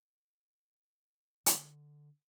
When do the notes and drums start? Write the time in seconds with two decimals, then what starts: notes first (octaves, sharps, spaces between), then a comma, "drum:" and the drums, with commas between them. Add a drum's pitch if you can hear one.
1.46 D3, drum: hi-hat